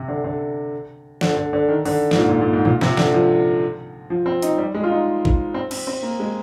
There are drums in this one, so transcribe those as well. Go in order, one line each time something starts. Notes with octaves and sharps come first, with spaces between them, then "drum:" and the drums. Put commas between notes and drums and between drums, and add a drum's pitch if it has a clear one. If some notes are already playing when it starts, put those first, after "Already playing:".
Already playing: C3
D3
D3
D3, drum: snare
D3
D3
D#3
D3, drum: open hi-hat
G#2, drum: snare
A#2
A#2
A#2
G#2
A#2, drum: tom A2
C3, drum: snare
D3, drum: snare
F3
F3
C4
D#4, drum: hi-hat
G3
G#3
F4
D#4
drum: kick A1
C4
C4, drum: cymbal
C4
A#3
G#3